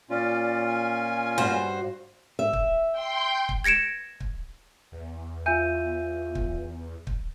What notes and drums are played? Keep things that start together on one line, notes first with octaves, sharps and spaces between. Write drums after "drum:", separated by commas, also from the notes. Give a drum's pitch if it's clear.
A#2 C#4 F4 D5
G#5
G2 F#4 C5
E5
drum: kick
G5 C6 G6
drum: kick
G#6 A#6 C#7 D7 E7
drum: kick
E2
F4 E5 G#5 G6 D#7
drum: kick
drum: kick